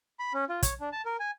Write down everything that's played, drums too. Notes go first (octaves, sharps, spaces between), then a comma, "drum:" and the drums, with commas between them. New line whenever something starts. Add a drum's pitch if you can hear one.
B5
C#4
F4
C#5, drum: kick, hi-hat
D4
A5
A#4
G#5